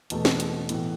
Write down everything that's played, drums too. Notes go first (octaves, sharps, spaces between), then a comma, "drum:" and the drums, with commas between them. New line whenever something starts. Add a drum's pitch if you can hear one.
E2 B2 A3, drum: hi-hat
drum: snare
drum: hi-hat
A2 E3 B3, drum: hi-hat